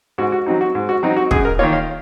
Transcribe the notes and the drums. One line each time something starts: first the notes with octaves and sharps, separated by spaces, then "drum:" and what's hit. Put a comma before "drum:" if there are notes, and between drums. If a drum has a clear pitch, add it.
G#2 F#4
F#4
F#3 C4 D#4 F#4
F#4
G#2
F#4
F#3 C4 D#4
F#4
F#2 G#4, drum: kick
A#4
D#3 A#3 F4 C#5
F5